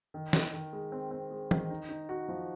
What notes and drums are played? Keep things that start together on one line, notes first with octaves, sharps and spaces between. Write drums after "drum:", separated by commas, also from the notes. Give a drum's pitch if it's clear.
D#3
D#3, drum: snare
D#3
G#3
C4
C4
G#3
D#3, drum: tom E3
D#4
D#4
F#4
F3